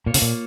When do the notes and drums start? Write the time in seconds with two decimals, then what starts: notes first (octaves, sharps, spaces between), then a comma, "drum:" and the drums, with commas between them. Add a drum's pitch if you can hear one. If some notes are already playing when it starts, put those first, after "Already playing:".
0.06 A#2 A#3 F4 C#5
0.14 C#3, drum: open hi-hat
0.22 A#2